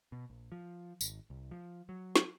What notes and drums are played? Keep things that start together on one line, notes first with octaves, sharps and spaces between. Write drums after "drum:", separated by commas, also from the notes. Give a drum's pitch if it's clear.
B2
A#1
F3
G#1, drum: tambourine
C2
F3
F#3
drum: snare